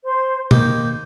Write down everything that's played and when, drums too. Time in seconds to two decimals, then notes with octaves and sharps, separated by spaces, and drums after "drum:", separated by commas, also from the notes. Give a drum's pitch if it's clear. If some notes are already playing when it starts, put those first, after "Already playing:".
0.03 C5 C6
0.51 D#3 A#3 G6, drum: tom